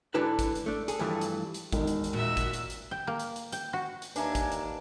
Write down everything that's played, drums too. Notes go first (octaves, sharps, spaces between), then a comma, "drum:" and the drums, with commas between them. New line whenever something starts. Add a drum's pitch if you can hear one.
G#2 D3 D4 E4 B4 A5
drum: kick, hi-hat
drum: hi-hat
A3 D4
G#4 A4, drum: hi-hat
G2 E3 F3 A3
drum: hi-hat
drum: hi-hat
E1 D#3, drum: kick, hi-hat
drum: hi-hat
drum: hi-hat
A#2 F#4 E5
drum: kick, hi-hat
drum: hi-hat
drum: hi-hat
G5
A#3
drum: hi-hat
drum: hi-hat
G5, drum: hi-hat
F#4
drum: hi-hat
D#2 D4 B4 E5 G#5 A#5, drum: hi-hat
drum: kick, hi-hat
drum: hi-hat